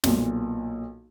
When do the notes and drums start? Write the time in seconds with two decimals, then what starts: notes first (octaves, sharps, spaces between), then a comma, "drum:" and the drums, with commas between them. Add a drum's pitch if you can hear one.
0.04 B1 A#2, drum: snare